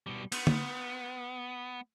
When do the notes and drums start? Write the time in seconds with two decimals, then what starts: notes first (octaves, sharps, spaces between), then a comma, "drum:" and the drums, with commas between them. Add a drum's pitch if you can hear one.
0.07 B2 G3
0.32 B3, drum: cymbal
0.47 drum: tom D3